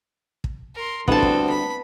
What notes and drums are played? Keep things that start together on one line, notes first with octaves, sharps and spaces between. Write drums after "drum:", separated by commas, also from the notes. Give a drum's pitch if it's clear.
drum: kick
A#4 C6
D2 G3 B3 C4 D4 E4 A4 A5, drum: kick
drum: kick
B5